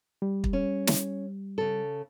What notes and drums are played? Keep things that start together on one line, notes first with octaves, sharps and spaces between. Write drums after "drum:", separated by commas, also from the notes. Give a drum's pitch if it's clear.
G3
drum: kick
C#4
drum: snare
C#3 A4